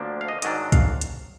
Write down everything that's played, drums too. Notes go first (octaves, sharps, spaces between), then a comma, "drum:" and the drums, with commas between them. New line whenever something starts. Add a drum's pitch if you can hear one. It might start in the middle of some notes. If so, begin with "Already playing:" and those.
Already playing: D2 D3 F3 A#3 D4
F5
D#5
G#2 D#3 F#3 D4 D#5, drum: hi-hat
F5, drum: kick, hi-hat
drum: hi-hat